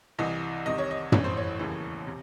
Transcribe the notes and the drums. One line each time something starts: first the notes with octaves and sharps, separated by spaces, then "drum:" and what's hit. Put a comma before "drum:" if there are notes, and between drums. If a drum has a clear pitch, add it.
C2 C3 E3 D#5
C2 C3 D#3 D#5
C#5
D#5
A1 A2 E3 C#5, drum: tom
C5
C#5
E1 D#2 C#3 E3
C3